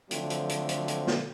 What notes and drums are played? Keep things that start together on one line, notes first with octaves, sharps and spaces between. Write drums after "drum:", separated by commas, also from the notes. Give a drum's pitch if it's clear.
D3 F3 F#3 A3 C4, drum: hi-hat
drum: hi-hat
drum: hi-hat
drum: hi-hat
drum: hi-hat
drum: snare